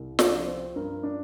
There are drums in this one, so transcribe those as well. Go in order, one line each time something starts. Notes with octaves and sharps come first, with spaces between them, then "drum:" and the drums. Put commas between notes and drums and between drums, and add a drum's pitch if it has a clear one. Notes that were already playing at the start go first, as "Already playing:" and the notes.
Already playing: C2
D4 D5, drum: snare
F3
C4 C5
G2 A#4
D4 D5